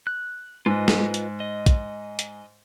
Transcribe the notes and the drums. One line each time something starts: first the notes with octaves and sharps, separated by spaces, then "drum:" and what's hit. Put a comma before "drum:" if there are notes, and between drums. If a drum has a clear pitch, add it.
F#6
G#2 F4 B4 D#5
drum: snare
drum: hi-hat
D#5
drum: kick, hi-hat
drum: hi-hat